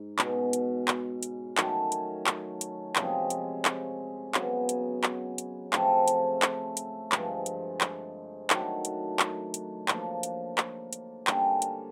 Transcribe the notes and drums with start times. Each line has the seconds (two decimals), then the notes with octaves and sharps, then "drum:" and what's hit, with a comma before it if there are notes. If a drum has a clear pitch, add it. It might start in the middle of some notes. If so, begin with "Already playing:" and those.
Already playing: G#2
0.19 B2 G#3 C#4, drum: clap
0.53 drum: hi-hat
0.88 drum: clap
1.23 drum: hi-hat
1.57 D#3 F#3 A3 C#4, drum: clap
1.92 drum: hi-hat
2.26 drum: clap
2.61 drum: hi-hat
2.96 C3 F3 G#3 C#4, drum: clap
3.30 drum: hi-hat
3.65 drum: clap
4.34 C#3 F#3 B3, drum: clap
4.69 drum: hi-hat
5.04 drum: clap
5.38 drum: hi-hat
5.73 C#3 F3 A3 C4, drum: clap
6.08 drum: hi-hat
6.42 drum: clap
6.77 drum: hi-hat
7.12 G2 D3 F3 G#3, drum: clap
7.46 drum: hi-hat
7.81 drum: clap
8.50 D#3 F#3 A3 D4, drum: clap
8.85 drum: hi-hat
9.19 drum: clap
9.54 drum: hi-hat
9.88 D3 F3 A#3, drum: clap
10.23 drum: hi-hat
10.58 drum: clap
10.93 drum: hi-hat
11.27 D3 G3 A#3 C#4, drum: clap
11.62 drum: hi-hat